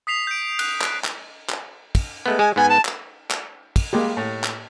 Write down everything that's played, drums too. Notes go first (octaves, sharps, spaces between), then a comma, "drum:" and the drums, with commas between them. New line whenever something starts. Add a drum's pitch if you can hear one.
D#6 B6 C7 F7
G6 D7
F#6, drum: cymbal
drum: clap
drum: clap
drum: clap
drum: kick, cymbal
G#3 A3 B3
G#3 G#5
G#2 B3 G#5
A5
drum: clap
drum: clap
drum: kick, cymbal
G3 G#3 A#3 G4
A2
drum: clap